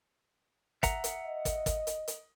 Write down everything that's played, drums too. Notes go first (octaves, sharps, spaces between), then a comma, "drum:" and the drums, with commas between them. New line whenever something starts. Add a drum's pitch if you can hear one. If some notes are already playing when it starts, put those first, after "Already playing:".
E5 F#5 A#5, drum: kick, hi-hat
drum: hi-hat
D#5
drum: kick, hi-hat
drum: kick, hi-hat
drum: hi-hat
drum: hi-hat